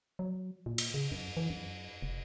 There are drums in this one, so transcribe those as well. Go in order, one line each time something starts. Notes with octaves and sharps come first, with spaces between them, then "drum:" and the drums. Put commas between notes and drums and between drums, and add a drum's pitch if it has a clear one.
F#3
A#2
drum: cymbal
C#3
F#2
E3
F#2
F1